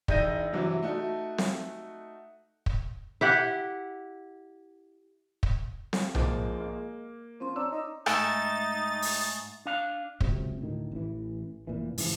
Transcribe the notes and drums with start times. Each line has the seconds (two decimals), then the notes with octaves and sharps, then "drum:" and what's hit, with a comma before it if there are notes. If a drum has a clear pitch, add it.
0.08 E1 D#4 E4 G6 A#6 D#7, drum: kick
0.53 G2 C3 E3 F#3 F#4
0.83 A3 D#4 F#4
1.38 drum: snare C4
2.66 drum: kick
3.21 E4 G4 F#5
5.43 drum: kick
5.93 drum: snare C4
6.15 G#1 F3 G#3 A#3, drum: tom B1
6.60 A#3
7.40 F3 C4 C#4 C6
7.56 D4 C#5 A#5 D6 E6
7.72 D#4
8.06 G#2 A3 D#4 E5 A6, drum: rim click
9.02 drum: open hi-hat
9.66 D4 F5
10.21 C#2 F#2 C3, drum: kick
10.61 D2 A2 D#3
10.92 A1 E3
11.67 F1 A#2 E3
11.98 G#2 C#3 E3 F3, drum: open hi-hat